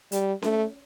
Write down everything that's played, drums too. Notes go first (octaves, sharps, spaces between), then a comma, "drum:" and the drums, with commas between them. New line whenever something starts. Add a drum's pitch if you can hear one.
G3, drum: hi-hat
A3, drum: snare C#4